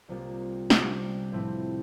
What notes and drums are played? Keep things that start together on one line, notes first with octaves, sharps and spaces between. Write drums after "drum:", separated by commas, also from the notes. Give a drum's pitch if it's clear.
C2 C3 G3 A#3 F4
C3 G3 D4 G4, drum: snare
A2 F3 A3 C4 E4